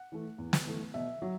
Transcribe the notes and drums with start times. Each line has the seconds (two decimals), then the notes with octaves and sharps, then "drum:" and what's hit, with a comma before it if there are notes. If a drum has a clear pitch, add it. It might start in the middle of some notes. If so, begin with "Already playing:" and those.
Already playing: F#5
0.12 E3 A3
0.38 E2
0.53 drum: snare
0.67 E3 A3
0.94 B2 E5
1.22 F#3